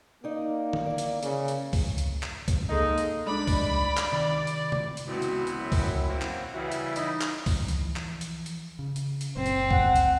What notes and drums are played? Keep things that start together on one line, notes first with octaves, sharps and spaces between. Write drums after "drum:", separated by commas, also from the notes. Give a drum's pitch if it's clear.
A#3 D#4 D5
drum: tom D3
E4 D5
drum: hi-hat
C#3, drum: hi-hat
drum: hi-hat
drum: kick C#2, open hi-hat
drum: hi-hat
drum: clap
drum: kick C#2, hi-hat
G#3 A#3 D#4 A4 D#5
drum: hi-hat
G#3 D4 D5 B5
drum: kick C#2, open hi-hat
drum: clap
C3 D#3
drum: hi-hat
drum: tom C3
drum: hi-hat
G#1 C#2 B3 C4 E4 F#4
drum: hi-hat
drum: hi-hat
F#2
drum: kick C#2, open hi-hat
A#3 C4 F#4
drum: clap
C#3 E3 G3 E4 F#4 E5 F5 D#6
drum: hi-hat
D#4 D#5 B5, drum: hi-hat
drum: clap
drum: kick C#2, open hi-hat
E3 F3, drum: hi-hat
drum: clap
drum: hi-hat
drum: hi-hat
C#3
drum: hi-hat
drum: hi-hat
F#1 F#2 A#2 C4
drum: hi-hat
F#5, drum: kick C#2
drum: hi-hat